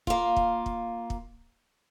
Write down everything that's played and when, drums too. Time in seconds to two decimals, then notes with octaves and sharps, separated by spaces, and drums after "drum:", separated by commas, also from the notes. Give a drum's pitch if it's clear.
0.07 A#3 F4, drum: kick
0.37 drum: kick
0.66 drum: kick
1.10 drum: kick